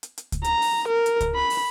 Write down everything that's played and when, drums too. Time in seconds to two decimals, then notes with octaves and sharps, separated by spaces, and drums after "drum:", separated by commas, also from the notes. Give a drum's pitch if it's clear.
0.03 drum: hi-hat
0.18 drum: hi-hat
0.32 drum: kick C#2, hi-hat
0.44 A#5, drum: hi-hat
0.62 drum: open hi-hat
0.88 A#4
1.06 drum: hi-hat
1.21 drum: kick C#2, hi-hat
1.35 B5
1.50 drum: open hi-hat